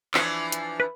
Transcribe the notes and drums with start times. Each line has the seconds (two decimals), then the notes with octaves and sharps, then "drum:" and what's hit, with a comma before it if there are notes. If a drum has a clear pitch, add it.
0.14 E3 F3 D4, drum: clap
0.52 drum: hi-hat
0.80 B4